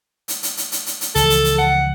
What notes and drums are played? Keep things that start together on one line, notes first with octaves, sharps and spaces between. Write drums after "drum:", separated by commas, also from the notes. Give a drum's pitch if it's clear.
drum: hi-hat
drum: hi-hat
drum: hi-hat
drum: hi-hat
drum: hi-hat
drum: hi-hat
C#2 E3 F3 A4, drum: hi-hat
drum: hi-hat
drum: hi-hat
F#5